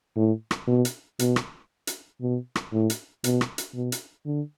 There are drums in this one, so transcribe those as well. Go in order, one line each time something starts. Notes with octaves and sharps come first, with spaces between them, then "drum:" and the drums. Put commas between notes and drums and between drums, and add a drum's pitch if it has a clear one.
A2
drum: rim click
B2
drum: hi-hat
B2, drum: hi-hat
drum: rim click
drum: hi-hat
B2
drum: rim click
A2
drum: hi-hat
B2, drum: hi-hat
drum: rim click
drum: hi-hat
B2
drum: hi-hat
D3